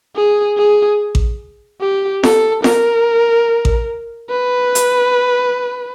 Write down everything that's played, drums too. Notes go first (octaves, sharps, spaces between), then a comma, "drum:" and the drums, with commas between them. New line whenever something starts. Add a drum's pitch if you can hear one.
G#4
G#4
drum: kick A1
G4
A4, drum: snare
A#4, drum: snare
drum: kick A1
B4
drum: hi-hat